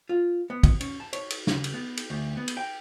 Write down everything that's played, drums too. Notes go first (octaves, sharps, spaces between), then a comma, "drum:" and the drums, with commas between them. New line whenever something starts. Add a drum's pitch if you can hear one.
F4
B3
drum: kick, cymbal
C#4, drum: cymbal
A5
C#5, drum: cymbal
drum: cymbal
C#3, drum: snare
drum: cymbal
B3
drum: cymbal
D2
B3
drum: cymbal
G5